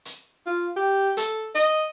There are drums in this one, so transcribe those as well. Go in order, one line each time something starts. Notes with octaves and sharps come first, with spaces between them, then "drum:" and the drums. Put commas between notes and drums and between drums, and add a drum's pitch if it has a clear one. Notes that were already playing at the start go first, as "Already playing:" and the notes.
drum: hi-hat
F4
G4
A4, drum: hi-hat
D#5, drum: hi-hat